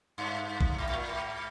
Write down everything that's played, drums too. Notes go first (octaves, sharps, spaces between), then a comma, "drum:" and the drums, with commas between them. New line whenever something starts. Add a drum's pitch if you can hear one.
G2
drum: kick A1
G#2
G#2
A#2
G#2